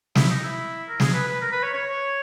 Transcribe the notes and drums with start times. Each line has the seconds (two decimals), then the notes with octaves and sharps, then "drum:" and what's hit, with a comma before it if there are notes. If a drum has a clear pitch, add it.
0.15 E4, drum: snare
0.30 D#4
0.44 E4
0.88 A#4
1.00 G#4, drum: snare
1.13 B4
1.27 B4
1.41 A#4
1.52 B4
1.63 C#5
1.73 C#5